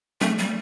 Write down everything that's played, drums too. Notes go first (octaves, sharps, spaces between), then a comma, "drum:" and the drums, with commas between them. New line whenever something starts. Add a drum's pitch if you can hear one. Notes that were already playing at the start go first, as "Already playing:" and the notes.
A3, drum: tom F3
G3